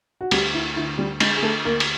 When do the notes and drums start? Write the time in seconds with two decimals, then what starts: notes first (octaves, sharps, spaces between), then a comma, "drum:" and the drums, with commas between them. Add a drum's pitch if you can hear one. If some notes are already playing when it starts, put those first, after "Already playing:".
0.21 F#4
0.31 D2 G3 G4, drum: cymbal
0.54 E4
0.76 D3 E4
0.98 G3 G4
1.20 D3 G#3 G#4, drum: cymbal
1.37 G#4
1.42 A3 A4
1.65 D2 A#3 A#4
1.80 drum: cymbal